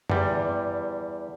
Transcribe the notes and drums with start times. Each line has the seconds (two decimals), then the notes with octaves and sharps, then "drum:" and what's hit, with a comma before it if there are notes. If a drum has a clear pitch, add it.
0.10 E2 G3, drum: tom F#2